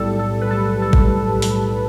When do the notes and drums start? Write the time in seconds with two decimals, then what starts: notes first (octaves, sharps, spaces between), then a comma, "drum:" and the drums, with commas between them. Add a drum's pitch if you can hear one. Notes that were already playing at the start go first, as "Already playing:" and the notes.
Already playing: B1 A2 G3 A4
0.19 A4
0.41 B4
0.51 A4
0.82 A4
0.93 drum: kick A1
1.42 drum: open hi-hat